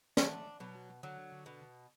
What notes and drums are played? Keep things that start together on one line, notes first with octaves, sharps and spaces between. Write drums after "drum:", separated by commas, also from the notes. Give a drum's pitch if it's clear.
A3 D4, drum: snare
B2 F#3
D3 F#3
B2